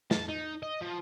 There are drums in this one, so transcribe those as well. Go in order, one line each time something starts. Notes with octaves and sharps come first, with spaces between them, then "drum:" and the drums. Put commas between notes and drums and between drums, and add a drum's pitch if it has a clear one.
A5, drum: snare
D#4
D#5
F3